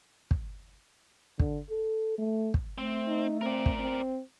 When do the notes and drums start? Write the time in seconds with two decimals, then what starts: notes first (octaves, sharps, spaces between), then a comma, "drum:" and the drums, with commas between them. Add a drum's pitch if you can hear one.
0.31 drum: kick
1.39 D3, drum: kick
1.70 A4
2.18 A3
2.54 drum: kick
2.78 A3 C4
3.07 D#4
3.41 C4 A#4 D5
3.66 drum: kick
3.79 C4